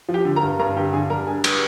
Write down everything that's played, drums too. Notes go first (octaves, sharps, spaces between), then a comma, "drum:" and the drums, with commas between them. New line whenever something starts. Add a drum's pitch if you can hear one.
F3
G4 G5
D3
A#4 A#5
G2
G2 A#4 A#5
D3 G4 G5
D3 G#4 G#5
G3 A#4 A#5
D4 G#4 G#5
G3, drum: cymbal